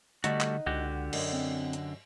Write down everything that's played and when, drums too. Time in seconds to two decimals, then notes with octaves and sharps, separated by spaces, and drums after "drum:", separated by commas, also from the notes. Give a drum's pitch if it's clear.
0.24 D3 G3 A3 D#4 F#4 F#5, drum: hi-hat
0.41 drum: clap
0.66 C#2 D3 F#4 G4
1.13 F#2 D5 D#5, drum: cymbal
1.33 C4
1.73 drum: hi-hat